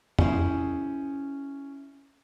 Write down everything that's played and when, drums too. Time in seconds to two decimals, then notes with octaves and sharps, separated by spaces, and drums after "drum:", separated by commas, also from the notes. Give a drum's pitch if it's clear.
0.19 C#4 E4 G#4 C5, drum: tom